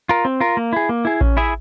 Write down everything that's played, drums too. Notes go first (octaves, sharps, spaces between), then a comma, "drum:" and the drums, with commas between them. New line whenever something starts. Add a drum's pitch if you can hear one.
F4 A#4
C4
F4 A#4
A#3
E4 G#4
A#3
E4 G#4
C#4, drum: kick A1
E4 G#4 E5